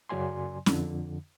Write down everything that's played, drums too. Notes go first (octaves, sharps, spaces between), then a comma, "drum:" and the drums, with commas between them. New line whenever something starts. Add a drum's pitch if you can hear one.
F#2 C#3 F#3 D5 G#5 C6
F2 D3, drum: snare